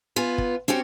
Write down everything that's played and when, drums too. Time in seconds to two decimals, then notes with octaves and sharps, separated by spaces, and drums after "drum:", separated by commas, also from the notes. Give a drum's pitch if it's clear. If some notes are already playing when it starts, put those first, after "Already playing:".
0.16 B3 F4 G#5
0.38 drum: kick
0.68 C4 C#4 F#4 G4